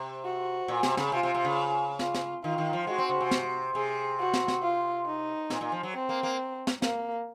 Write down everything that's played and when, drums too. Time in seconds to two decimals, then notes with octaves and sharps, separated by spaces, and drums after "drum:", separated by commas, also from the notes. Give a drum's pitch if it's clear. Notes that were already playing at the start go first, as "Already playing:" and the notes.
Already playing: C3
0.25 F#4
0.68 A#2
0.83 C3, drum: snare
0.97 C#3, drum: snare
1.12 C3 F4
1.23 C3
1.34 C3
1.45 C#3
1.99 F4, drum: snare
2.14 drum: snare
2.44 D#3 F4
2.58 D#3
2.73 F3
2.87 G#3 F#4
2.98 C4
3.09 C#3
3.21 C3
3.31 drum: snare
3.74 C3 G#4
4.19 F#4
4.33 drum: snare
4.48 drum: snare
4.63 F4
5.06 D#4
5.50 A#2, drum: snare
5.61 A#2
5.72 F3
5.83 F#3
5.95 C4
6.09 A#3
6.23 A#3
6.67 drum: snare
6.82 A#3, drum: snare